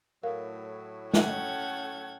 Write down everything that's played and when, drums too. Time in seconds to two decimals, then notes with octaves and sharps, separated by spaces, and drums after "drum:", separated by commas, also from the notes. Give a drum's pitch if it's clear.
0.23 A2 F#3 A#4 F5
1.14 C#4 A4 F#5 G5 G#6, drum: snare